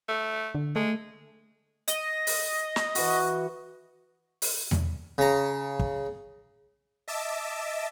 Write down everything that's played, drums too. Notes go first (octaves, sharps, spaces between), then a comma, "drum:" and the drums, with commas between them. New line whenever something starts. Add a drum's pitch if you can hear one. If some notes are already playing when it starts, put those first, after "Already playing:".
A3
D3
G#3 A3
D#5, drum: hi-hat
drum: open hi-hat
drum: snare
E3 F#4, drum: open hi-hat
drum: open hi-hat
drum: tom E2
C#3 A#5
drum: kick
D#5 E5 A5 D6 E6